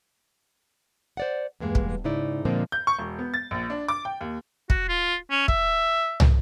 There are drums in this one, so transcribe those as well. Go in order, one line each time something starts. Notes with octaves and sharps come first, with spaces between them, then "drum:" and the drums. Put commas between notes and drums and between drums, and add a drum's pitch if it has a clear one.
C5 D5 F#5
E2 G2 G#3 A#3
drum: kick
G#2 C#3 D#4 E4 D5
A#2 D3 F3 G#3 A#3 C4
G6
C#6
E1
B3
A6
A#1
D4
D6
G5
D#2
F#4, drum: kick
F4
C#4
E5, drum: kick
drum: tom